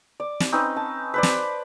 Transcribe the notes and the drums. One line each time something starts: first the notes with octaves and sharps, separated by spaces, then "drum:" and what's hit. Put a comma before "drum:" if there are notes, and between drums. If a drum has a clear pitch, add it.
D5
drum: snare
C4 C#4 D#4 B4
A5
B4 C5 D5
drum: snare